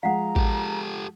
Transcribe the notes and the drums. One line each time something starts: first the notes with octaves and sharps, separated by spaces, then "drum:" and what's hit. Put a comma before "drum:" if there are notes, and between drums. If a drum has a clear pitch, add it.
F3 G#3 F5 F#5 A#5
G4 A4, drum: kick A1